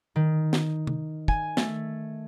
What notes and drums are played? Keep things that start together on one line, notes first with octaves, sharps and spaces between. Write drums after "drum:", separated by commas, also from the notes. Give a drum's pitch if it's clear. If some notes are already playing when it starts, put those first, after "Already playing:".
D#3
drum: snare
drum: tom C3
G#5, drum: kick
A3, drum: snare